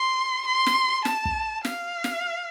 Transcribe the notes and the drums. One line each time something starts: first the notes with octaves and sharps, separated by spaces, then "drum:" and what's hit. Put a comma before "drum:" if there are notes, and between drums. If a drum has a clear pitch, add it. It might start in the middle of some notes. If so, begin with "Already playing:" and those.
Already playing: C6
C6
drum: snare
A5, drum: snare
drum: kick
F5, drum: snare
drum: snare